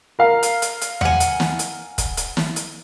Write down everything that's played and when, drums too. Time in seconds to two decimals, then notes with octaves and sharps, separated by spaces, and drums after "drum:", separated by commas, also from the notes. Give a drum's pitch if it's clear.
0.19 A#4 F5
0.43 drum: hi-hat
0.62 drum: hi-hat
0.82 drum: hi-hat
1.01 F#5 G#5, drum: tom E2
1.20 drum: hi-hat
1.40 drum: snare
1.59 drum: hi-hat
1.98 drum: kick, hi-hat
2.17 drum: hi-hat
2.37 drum: snare
2.56 drum: hi-hat